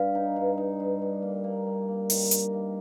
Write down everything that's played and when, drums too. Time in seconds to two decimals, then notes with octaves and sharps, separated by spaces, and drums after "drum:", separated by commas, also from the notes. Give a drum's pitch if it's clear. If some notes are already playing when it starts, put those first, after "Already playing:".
Already playing: G2 G3 F5
0.15 D#4
0.36 G2
0.58 D#4
0.80 G2
1.02 G3
1.22 A#3
1.44 A#3
1.67 G3
1.88 A#3
2.10 D#3, drum: open hi-hat
2.31 D#3, drum: hi-hat
2.53 A#3